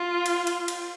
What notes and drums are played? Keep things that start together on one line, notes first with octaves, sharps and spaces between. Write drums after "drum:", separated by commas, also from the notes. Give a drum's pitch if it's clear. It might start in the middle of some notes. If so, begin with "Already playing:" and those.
Already playing: F4
drum: cymbal
drum: cymbal
drum: cymbal